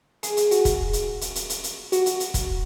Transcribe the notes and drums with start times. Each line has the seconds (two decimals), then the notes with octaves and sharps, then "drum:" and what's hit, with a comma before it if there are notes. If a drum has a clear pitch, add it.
0.23 G#4, drum: hi-hat
0.37 drum: hi-hat
0.51 F#4, drum: hi-hat
0.65 drum: kick E1, hi-hat
0.93 drum: hi-hat
1.21 drum: hi-hat
1.35 drum: hi-hat
1.50 drum: hi-hat
1.64 drum: hi-hat
1.92 F#4, drum: hi-hat
2.06 drum: hi-hat
2.20 drum: hi-hat
2.34 drum: kick E1, hi-hat